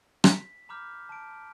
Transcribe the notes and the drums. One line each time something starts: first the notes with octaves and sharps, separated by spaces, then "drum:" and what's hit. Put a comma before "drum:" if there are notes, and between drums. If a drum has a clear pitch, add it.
B6, drum: rim click
A#5 B5 D6 F6 G6
A5 D7